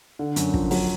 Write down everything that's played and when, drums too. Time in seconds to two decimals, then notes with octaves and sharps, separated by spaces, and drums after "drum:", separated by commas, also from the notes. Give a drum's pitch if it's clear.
0.19 D3
0.36 F#2, drum: hi-hat
0.54 F3, drum: kick
0.71 F#3, drum: open hi-hat